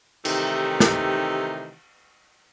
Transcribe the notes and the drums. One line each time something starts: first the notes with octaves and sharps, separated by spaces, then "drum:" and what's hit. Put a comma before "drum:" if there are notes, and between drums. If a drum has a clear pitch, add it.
C3 D#3 E3 A3 D#4 G4, drum: cymbal
drum: snare